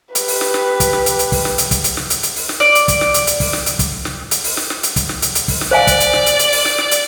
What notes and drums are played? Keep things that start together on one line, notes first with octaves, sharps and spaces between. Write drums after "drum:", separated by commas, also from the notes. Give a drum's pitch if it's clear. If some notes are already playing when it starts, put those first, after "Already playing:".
G4 B4, drum: hi-hat
drum: open hi-hat
drum: snare
drum: snare
drum: kick, hi-hat
drum: snare
drum: hi-hat
drum: hi-hat
drum: kick, open hi-hat
drum: snare
drum: hi-hat
drum: kick, hi-hat
drum: hi-hat
drum: snare
drum: hi-hat
drum: hi-hat
drum: open hi-hat
drum: snare
D5, drum: snare
drum: hi-hat
drum: kick, hi-hat
drum: snare
drum: hi-hat
drum: hi-hat
drum: kick, open hi-hat
drum: snare
drum: hi-hat
drum: kick, hi-hat
drum: snare
drum: hi-hat
drum: open hi-hat
drum: snare
drum: snare
drum: hi-hat
drum: kick, hi-hat
drum: snare
drum: hi-hat
drum: hi-hat
drum: kick, open hi-hat
drum: snare
C5 D5 F5 G#5
drum: kick, hi-hat
drum: hi-hat
drum: snare
drum: hi-hat
drum: hi-hat
drum: open hi-hat
drum: snare
drum: snare
drum: hi-hat